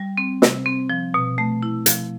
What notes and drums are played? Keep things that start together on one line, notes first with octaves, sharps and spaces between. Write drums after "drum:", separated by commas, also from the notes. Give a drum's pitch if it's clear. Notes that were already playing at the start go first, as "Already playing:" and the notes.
Already playing: G3
C4
C3, drum: snare
C4
F3
B2
A3
E4
F3, drum: hi-hat